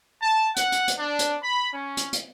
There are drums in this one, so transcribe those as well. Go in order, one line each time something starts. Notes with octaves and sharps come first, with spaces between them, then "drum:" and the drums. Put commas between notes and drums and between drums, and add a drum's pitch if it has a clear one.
A5
F#5, drum: hi-hat
drum: hi-hat
drum: hi-hat
D4
drum: hi-hat
B5
C#4
drum: hi-hat
drum: hi-hat